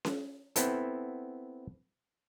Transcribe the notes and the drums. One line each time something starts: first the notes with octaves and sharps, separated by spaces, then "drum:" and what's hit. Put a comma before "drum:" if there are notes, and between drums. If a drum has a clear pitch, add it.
drum: snare C#4
B3 C4 E4 A4, drum: hi-hat